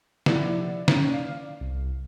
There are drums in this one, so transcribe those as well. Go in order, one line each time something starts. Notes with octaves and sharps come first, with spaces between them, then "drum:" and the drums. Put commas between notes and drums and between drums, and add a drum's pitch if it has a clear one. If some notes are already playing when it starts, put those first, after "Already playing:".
C3 F3 E4 D5 F#5, drum: snare
C#4, drum: snare
D5 F5
C2